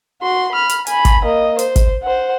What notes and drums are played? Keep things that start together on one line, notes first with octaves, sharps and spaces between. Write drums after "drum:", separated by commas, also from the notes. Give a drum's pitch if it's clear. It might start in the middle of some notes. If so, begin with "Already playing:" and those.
F#4 C6
B5 F6
drum: hi-hat
G#5 B5, drum: hi-hat
drum: kick, hi-hat
A#3 D#5
C5, drum: hi-hat
drum: kick, hi-hat
C5 F#5